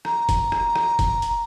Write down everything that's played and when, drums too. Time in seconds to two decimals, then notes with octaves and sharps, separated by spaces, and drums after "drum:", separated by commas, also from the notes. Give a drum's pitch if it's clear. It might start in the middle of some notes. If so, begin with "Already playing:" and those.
0.05 A#5, drum: rim click
0.29 drum: kick, hi-hat
0.52 drum: rim click
0.76 drum: rim click
0.99 drum: kick, hi-hat
1.22 drum: hi-hat